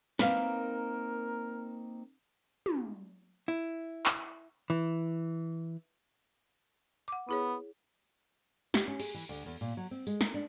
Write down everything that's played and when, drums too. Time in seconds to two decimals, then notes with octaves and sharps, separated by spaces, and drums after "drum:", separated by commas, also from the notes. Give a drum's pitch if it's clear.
0.19 A#3 C4 D#4 A#4 B4 F5, drum: snare
2.66 drum: tom
3.48 E4
4.06 drum: clap
4.70 E3
7.08 F#5 D6, drum: hi-hat
7.29 B3 E4 G#4 C#5
8.74 G4, drum: snare
8.88 C#4
9.00 G#4, drum: cymbal
9.14 E3
9.29 D2
9.46 E2
9.61 A#2
9.77 F#3
9.91 C4
10.07 G#3, drum: tambourine
10.21 A#4, drum: snare
10.34 D4